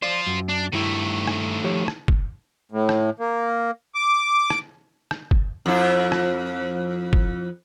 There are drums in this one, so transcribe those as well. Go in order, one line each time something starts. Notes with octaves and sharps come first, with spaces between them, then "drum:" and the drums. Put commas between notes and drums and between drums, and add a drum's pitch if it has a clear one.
F4 C5 D5
F#2
D4
G2 D#3 A3 E4
drum: rim click
F3 G4 C#5
drum: rim click
drum: kick
A2
drum: rim click
A#3
D6
drum: rim click
drum: rim click
drum: kick
F2 E4
drum: rim click
drum: kick